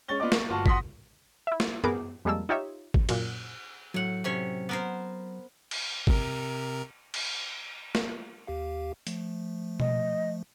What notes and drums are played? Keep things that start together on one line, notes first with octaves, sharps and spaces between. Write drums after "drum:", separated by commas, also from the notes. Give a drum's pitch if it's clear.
G#3 C#4 C#6 A6 G7
B3 F4 D5 D#5 D6
C#6, drum: snare
G1 F4 F#4 A5 C#6
F#5 C6 D#6 A#6 B6, drum: kick
E4 E5
drum: snare
B3 G#4 A#4 D6, drum: tom F#2
F2 G3 G#3 A#3 A5 E6
D#4 F4 G4 C#5 E5
drum: kick
F#2 A#2, drum: cymbal
A2 F#3 F#5
C3 C#4 C#5
B3 A#4 C5
drum: cymbal
C3 A#4, drum: kick
drum: cymbal
drum: snare
D#2 G4 F5
F3 A3, drum: hi-hat
D#5, drum: tom B2